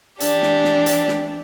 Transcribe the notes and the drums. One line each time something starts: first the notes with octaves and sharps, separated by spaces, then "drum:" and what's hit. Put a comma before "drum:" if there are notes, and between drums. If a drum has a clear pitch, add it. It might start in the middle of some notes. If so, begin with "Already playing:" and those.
E3 D4 G4, drum: hi-hat
drum: snare
drum: snare
drum: hi-hat
drum: snare